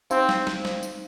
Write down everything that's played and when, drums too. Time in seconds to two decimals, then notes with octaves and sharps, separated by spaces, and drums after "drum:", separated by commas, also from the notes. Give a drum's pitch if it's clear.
0.11 C4 D#4 C5 F5, drum: tambourine
0.29 drum: snare
0.47 drum: snare
0.65 drum: snare
0.83 drum: tambourine